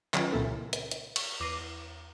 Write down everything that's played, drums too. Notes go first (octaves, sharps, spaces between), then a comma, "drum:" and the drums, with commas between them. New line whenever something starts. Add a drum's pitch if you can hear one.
D#3 F#3 C#4 F4 B4, drum: clap
C2 A#2 E3 A#3 E4 A4
C#3
drum: hi-hat
drum: hi-hat
C#6, drum: cymbal
E2 D6 A#6 C7 D#7